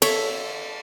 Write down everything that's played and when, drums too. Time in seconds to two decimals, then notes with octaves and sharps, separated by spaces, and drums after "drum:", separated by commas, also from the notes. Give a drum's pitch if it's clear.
0.02 A4 C#5 E5, drum: cymbal